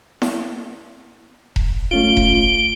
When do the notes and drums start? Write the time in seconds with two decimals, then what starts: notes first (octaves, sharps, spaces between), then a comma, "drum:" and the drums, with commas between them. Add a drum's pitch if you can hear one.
0.22 drum: snare E4
1.56 drum: kick E1
1.91 A3 C#4 F4 D7 G7
2.17 drum: kick E1